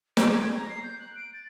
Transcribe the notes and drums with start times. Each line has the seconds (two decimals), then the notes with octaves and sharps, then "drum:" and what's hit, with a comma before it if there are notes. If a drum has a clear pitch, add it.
0.17 D7, drum: snare
0.29 G#6
0.42 G#6
0.54 A#5
0.69 C7
0.83 G6
0.99 F#6
1.16 D7
1.33 A6